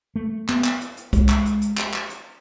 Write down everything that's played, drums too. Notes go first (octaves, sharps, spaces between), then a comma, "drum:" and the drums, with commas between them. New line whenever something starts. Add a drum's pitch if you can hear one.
A3
B3, drum: clap
drum: clap
drum: hi-hat
drum: hi-hat
G#3, drum: kick C2, hi-hat
drum: clap
drum: hi-hat
drum: hi-hat
drum: clap
drum: clap
drum: hi-hat